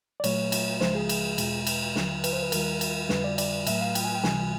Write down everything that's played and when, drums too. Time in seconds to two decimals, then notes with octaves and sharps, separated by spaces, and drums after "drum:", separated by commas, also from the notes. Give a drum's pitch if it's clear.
0.20 D5
0.24 A#2 F#3 A3 C#5, drum: cymbal
0.52 drum: cymbal
0.81 C#2 C#3 F3 G#3 C5, drum: snare
0.95 G#4
1.09 drum: cymbal
1.38 E2 B2 G#3, drum: cymbal
1.67 drum: cymbal
1.96 D#2 D3 F#3, drum: snare
2.24 B4, drum: cymbal
2.33 C5
2.43 B4
2.52 D#2 D#3 G3 A#4, drum: cymbal
2.81 drum: cymbal
3.09 F2 D3 G3 B4, drum: snare
3.24 D5
3.38 D5, drum: cymbal
3.67 A2 F#3 A3 E5, drum: cymbal
3.81 F5
3.95 G5, drum: cymbal
4.05 G#5
4.15 G5
4.23 C#2 C3 E3 G3 G#5, drum: snare